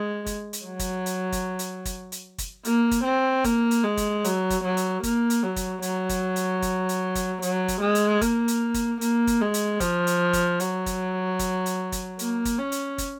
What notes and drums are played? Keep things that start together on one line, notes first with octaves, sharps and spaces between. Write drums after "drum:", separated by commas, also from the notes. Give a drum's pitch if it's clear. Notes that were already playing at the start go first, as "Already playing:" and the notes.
Already playing: G#3
drum: kick, hi-hat
drum: hi-hat
F#3
drum: kick, hi-hat
drum: hi-hat
drum: kick, hi-hat
drum: hi-hat
drum: kick, hi-hat
drum: hi-hat
drum: kick, hi-hat
A#3, drum: hi-hat
drum: kick, hi-hat
C4
A#3, drum: kick, hi-hat
drum: hi-hat
G#3
drum: kick, hi-hat
F#3, drum: hi-hat
drum: kick, hi-hat
F#3
drum: hi-hat
A#3, drum: kick, hi-hat
drum: hi-hat
F#3
drum: kick, hi-hat
F#3, drum: hi-hat
drum: kick, hi-hat
drum: hi-hat
drum: kick, hi-hat
drum: hi-hat
drum: kick, hi-hat
F#3, drum: hi-hat
drum: kick, hi-hat
G#3
drum: hi-hat
A#3, drum: kick, hi-hat
drum: hi-hat
drum: kick, hi-hat
A#3, drum: hi-hat
drum: kick, hi-hat
G#3
drum: hi-hat
F3, drum: kick, hi-hat
drum: hi-hat
drum: kick, hi-hat
F#3, drum: hi-hat
drum: kick, hi-hat
drum: kick, hi-hat
drum: hi-hat
drum: kick, hi-hat
A#3, drum: hi-hat
drum: kick, hi-hat
C#4
drum: hi-hat
drum: kick, hi-hat